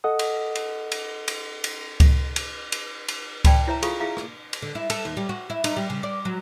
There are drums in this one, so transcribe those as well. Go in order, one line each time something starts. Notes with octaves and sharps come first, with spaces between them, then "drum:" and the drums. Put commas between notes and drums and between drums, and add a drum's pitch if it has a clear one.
A4 D#5 F#5 D#6
drum: cymbal
drum: cymbal
drum: cymbal
drum: cymbal
drum: cymbal
drum: kick C#2, cymbal
drum: cymbal
drum: cymbal
drum: cymbal
D5 G5 A5 B5, drum: kick C#2, cymbal
E4 C#5 E5 A#5
F4 G#4 A4 F5 C#6, drum: cymbal
E4 G#4 E5 F5 A#5
drum: rim click
drum: cymbal
D3
E4
A4, drum: cymbal
D#2
G3
F#4
E4
D#4, drum: cymbal
G3
C#3
D5
F#3